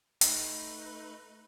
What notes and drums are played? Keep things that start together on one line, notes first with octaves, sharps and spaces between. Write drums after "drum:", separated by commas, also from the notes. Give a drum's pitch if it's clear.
A3 D#4 B4, drum: hi-hat